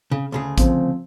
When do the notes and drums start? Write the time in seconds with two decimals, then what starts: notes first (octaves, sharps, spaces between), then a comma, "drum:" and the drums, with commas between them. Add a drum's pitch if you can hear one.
0.11 C#3
0.32 D2 C#3 G#4
0.58 F3 C4, drum: kick, hi-hat